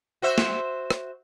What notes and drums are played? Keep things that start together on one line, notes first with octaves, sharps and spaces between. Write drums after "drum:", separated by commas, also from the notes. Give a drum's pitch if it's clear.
F#4 C5 E5
drum: snare
drum: rim click